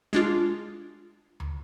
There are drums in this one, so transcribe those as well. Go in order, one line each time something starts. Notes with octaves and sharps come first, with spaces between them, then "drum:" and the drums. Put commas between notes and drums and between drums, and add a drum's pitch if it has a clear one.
G#3 D4 F4, drum: hi-hat
drum: tom D2